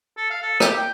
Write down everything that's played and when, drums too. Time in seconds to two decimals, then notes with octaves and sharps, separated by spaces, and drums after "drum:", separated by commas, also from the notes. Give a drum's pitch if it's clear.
0.17 A4
0.30 F5
0.42 A4
0.60 G4, drum: rim click
0.77 G5